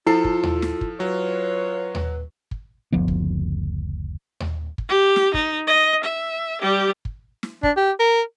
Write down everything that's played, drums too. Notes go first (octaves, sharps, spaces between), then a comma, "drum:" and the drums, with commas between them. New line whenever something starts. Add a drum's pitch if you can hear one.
F3 E4 F4 A4 C7
drum: kick
drum: tom D#2
drum: snare
drum: kick
F#3 F4 B4 C#5
drum: tom D#2
drum: kick
F#1 D2 F3 B3
drum: kick
drum: tom D#2
drum: kick
G4
drum: snare
D#4, drum: kick
D#5
E5
G3 G4
drum: kick
drum: snare
D4, drum: kick
G4
A#4